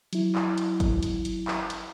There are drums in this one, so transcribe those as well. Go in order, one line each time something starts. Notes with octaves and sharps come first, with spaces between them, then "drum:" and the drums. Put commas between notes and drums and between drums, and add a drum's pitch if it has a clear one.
F#3 E4, drum: hi-hat
drum: clap
drum: hi-hat
drum: kick G1, hi-hat
drum: hi-hat
drum: hi-hat
drum: clap
drum: hi-hat